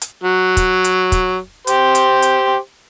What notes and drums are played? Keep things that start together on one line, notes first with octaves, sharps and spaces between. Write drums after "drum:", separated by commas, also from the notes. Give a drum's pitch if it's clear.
drum: hi-hat
F#3
drum: kick, hi-hat
drum: hi-hat
drum: kick, hi-hat
G4 C5, drum: hi-hat
drum: hi-hat
drum: hi-hat